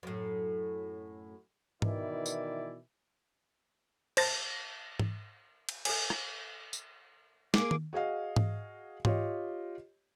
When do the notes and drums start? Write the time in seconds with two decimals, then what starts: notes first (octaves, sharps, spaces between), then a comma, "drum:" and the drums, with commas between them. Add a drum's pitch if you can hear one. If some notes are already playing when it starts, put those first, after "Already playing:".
0.03 F#2 A2
1.82 B2 D#3 E3 E4 D5, drum: tom G#2
2.26 drum: tambourine
4.17 C5 A5 A6 A#6, drum: cymbal
4.99 drum: tom G#2
5.69 drum: cymbal
5.85 A4 B4 G#5, drum: cymbal
6.10 drum: rim click
6.73 drum: tambourine
7.54 A#3 G#4 D6, drum: snare
7.71 drum: tom D#3
7.93 F#4 G#4 D#5 F5
8.36 drum: tom G#2
9.05 F4 G4 C#5 D#5, drum: tom G#2